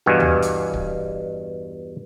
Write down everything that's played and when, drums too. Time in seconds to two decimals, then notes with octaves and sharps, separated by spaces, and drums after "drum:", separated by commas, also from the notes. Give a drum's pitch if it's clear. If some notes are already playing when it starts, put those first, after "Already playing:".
0.06 E2 G2 B2 F5 F#5 G#5
0.20 drum: tom
0.42 drum: hi-hat
0.74 drum: kick